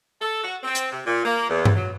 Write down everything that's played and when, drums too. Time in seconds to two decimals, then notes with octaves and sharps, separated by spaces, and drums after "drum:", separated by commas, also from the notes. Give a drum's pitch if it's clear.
0.21 A4
0.43 F#4
0.63 C4
0.75 drum: hi-hat
0.91 C3
1.06 A#2
1.25 A#3
1.49 E2
1.65 drum: tom G2
1.75 F#3